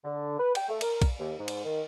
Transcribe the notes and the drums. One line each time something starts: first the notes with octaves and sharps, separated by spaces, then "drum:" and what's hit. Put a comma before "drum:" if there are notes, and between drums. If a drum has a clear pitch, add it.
D3
B4
G5, drum: cymbal
A3
A#4, drum: cymbal
drum: kick, cymbal
D#2
G#2
drum: cymbal
D#3